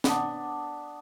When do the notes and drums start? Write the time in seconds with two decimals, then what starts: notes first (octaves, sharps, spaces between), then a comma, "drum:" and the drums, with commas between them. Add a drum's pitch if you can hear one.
0.04 B3 D4, drum: snare